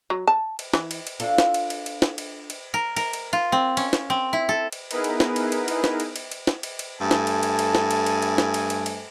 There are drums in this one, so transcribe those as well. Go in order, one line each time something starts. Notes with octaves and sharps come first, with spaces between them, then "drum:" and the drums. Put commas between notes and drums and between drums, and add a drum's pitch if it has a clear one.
F#3
A5
drum: cymbal
E3, drum: snare
drum: cymbal
drum: cymbal
D4 F4 A4, drum: cymbal
drum: snare
drum: cymbal
drum: cymbal
drum: cymbal
drum: snare
drum: cymbal
drum: cymbal
A#4
A#4, drum: cymbal
drum: cymbal
F4
C4
C#4, drum: cymbal
drum: snare
C4
E4
A4
drum: cymbal
B3 D#4 E4 G#4 A#4 B4, drum: cymbal
drum: cymbal
drum: snare
drum: cymbal
drum: cymbal
drum: cymbal
drum: snare
drum: cymbal
drum: cymbal
drum: cymbal
drum: snare
drum: cymbal
drum: cymbal
G2 A3 A4 G#5
drum: snare
drum: cymbal
drum: cymbal
drum: cymbal
drum: snare
drum: cymbal
drum: cymbal
drum: cymbal
drum: snare
drum: cymbal
drum: cymbal
drum: cymbal